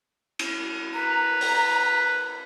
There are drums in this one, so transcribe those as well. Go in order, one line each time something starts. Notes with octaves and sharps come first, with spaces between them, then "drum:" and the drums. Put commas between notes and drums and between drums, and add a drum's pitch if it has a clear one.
drum: cymbal
B4 A#5
drum: open hi-hat